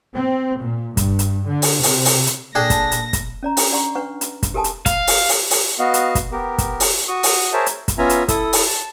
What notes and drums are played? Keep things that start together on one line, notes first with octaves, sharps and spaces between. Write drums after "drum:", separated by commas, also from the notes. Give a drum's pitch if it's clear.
C4
A#2
G2, drum: kick, hi-hat
drum: hi-hat
D3
drum: open hi-hat
C3, drum: open hi-hat
drum: open hi-hat
drum: hi-hat
A#2 D4 G#4 A4 G5 D#6 A#6
drum: kick, hi-hat
drum: hi-hat
drum: kick, hi-hat
C#4 D5 A#5
D4, drum: open hi-hat
D5 F#5 A#5 C6 C#6
D4 B4 F#5 C#6
drum: hi-hat
drum: kick, hi-hat
G4 A4 A#4 G#5 A5 D#6
drum: hi-hat
F5, drum: kick, hi-hat
drum: open hi-hat
drum: open hi-hat
drum: open hi-hat
B3 F#4 D#5 F5
drum: hi-hat
drum: kick, hi-hat
B3 G4 A#4
drum: kick, hi-hat
drum: open hi-hat
F#4 C#6 D#6
drum: open hi-hat
G#4 A#4 C5 C#5 E5 A5
drum: hi-hat
drum: kick, hi-hat
B3 C#4 F4 E5 G#5 A#5
drum: hi-hat
E4 A4 D#6, drum: kick, hi-hat
drum: open hi-hat
A5